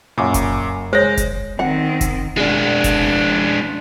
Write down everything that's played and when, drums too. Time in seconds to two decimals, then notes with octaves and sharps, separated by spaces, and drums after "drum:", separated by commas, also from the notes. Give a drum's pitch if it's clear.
0.18 F#2 A#2 C#3 D6
0.34 drum: kick F1, hi-hat
0.93 G#3 C5 C#5 A#6
1.17 drum: kick F1, hi-hat
1.59 D#3 C4 F#5
2.01 drum: kick F1, hi-hat
2.37 G#3 D4
2.84 drum: kick F1, hi-hat